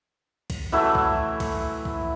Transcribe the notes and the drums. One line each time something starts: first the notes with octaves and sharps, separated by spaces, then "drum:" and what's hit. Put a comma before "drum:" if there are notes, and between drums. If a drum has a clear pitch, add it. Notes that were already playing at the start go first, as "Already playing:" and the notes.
drum: kick C2, cymbal
E3 F#3 A3 E4
drum: kick C2
drum: kick C2, cymbal
drum: kick C2